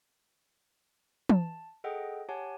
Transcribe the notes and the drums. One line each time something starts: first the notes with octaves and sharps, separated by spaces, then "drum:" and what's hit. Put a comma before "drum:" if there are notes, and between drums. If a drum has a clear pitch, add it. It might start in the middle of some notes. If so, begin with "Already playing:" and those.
A5, drum: tom
G#4 A4 D#5 F#5 G5
G4 C#5 F#5 G#5 A5